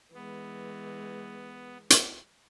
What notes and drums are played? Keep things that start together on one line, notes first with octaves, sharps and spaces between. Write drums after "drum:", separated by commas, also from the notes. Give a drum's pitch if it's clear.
E3 G#3 B3
drum: hi-hat